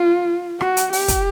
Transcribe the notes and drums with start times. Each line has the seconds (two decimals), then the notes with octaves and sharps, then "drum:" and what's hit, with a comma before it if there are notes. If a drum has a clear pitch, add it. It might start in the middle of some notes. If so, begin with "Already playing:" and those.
Already playing: F4
0.61 F#4, drum: rim click
0.77 drum: hi-hat
0.93 G4, drum: open hi-hat
1.08 drum: kick, hi-hat